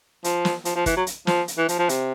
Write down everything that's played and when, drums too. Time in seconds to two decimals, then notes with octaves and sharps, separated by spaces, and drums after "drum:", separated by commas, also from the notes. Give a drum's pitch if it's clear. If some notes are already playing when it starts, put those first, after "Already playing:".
0.24 F3, drum: hi-hat
0.45 drum: snare
0.65 F3, drum: hi-hat
0.75 F3
0.86 E3, drum: kick, hi-hat
0.96 F#3
1.07 drum: hi-hat
1.27 F3, drum: snare
1.48 drum: hi-hat
1.58 E3
1.69 F3, drum: hi-hat
1.79 F3
1.89 C3, drum: hi-hat